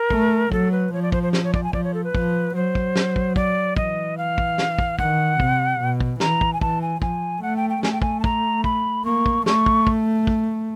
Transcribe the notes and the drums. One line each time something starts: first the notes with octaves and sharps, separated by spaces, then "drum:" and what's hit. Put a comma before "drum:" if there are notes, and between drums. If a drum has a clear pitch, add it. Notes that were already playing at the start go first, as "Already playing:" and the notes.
Already playing: A#4
A3, drum: kick
F#3 A4, drum: kick
B4
F3 C#5
D5
C5, drum: kick
C5
C5, drum: snare
C#5
D5, drum: kick
G#5
F3 D5, drum: kick
C#5
A4
B4
F3, drum: kick
F#3 C5
drum: kick
drum: snare
drum: kick
D5, drum: kick
E3 D#5, drum: kick
F5
drum: kick
drum: snare
drum: kick
D#3 F#5, drum: kick
C3, drum: kick
B2
drum: kick
E3 A#5, drum: snare
drum: kick
G#5
E3 A5, drum: kick
G#5
F3 G#5, drum: kick
A3 F#5
G5
G5
A3 G#5, drum: snare
G5
G#5, drum: kick
A5
A#5, drum: kick
B5, drum: kick
A#3 C#6
drum: kick
A3 C#6, drum: snare
drum: kick
drum: kick
drum: kick